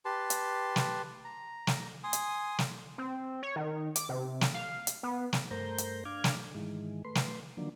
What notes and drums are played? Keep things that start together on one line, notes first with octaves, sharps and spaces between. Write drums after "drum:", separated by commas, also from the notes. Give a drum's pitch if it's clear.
G4 B4 A5 C6
drum: hi-hat
drum: snare
A#5
drum: snare
G#5 C6 D#6
drum: hi-hat
drum: snare
C4
C#5
D#3
D6, drum: hi-hat
C3
drum: snare
F5
drum: hi-hat
B3
drum: snare
G2 A3 A#4 C5 A#5 G6
drum: hi-hat
D4 F5 D6 F6 G#6
drum: snare
G#2 D#3 E3 G#3
A3 B4 C6
drum: snare
D3 D#3 F3 F#3 A#3 D4